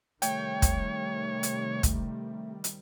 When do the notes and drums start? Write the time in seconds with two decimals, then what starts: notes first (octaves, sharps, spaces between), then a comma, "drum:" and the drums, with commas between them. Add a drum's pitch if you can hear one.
0.22 C3 D#3 G3 A3 C#5 G5, drum: hi-hat
0.62 drum: kick, hi-hat
1.43 drum: hi-hat
1.83 drum: kick, hi-hat
2.64 drum: hi-hat